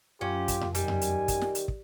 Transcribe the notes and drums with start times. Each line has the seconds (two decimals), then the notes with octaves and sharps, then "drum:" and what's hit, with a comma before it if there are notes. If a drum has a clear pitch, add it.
0.21 F#2 C#4 F4 G4
0.48 drum: kick, hi-hat
0.61 drum: tom F2
0.75 D#3 G3 G#5, drum: hi-hat
0.88 drum: tom F2
1.01 drum: hi-hat
1.28 drum: kick, hi-hat
1.41 drum: snare
1.55 drum: hi-hat
1.68 drum: kick